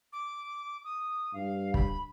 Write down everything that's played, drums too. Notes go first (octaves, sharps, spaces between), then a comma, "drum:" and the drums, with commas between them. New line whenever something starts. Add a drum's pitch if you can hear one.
D6
D#6
G2 F5
B5, drum: kick